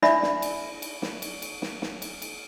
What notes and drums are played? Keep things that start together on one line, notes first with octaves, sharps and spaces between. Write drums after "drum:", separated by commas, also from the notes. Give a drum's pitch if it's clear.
D4 E4 D5 E5 B5, drum: snare
drum: snare
drum: cymbal
drum: cymbal
drum: snare
drum: cymbal
drum: cymbal
drum: snare
drum: snare
drum: cymbal
drum: cymbal